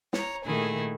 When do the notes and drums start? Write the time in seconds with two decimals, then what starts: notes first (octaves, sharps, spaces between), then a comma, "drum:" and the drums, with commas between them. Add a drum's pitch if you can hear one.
0.13 C#5 A#5, drum: snare
0.44 A#2 D#3 A3 E4 G#4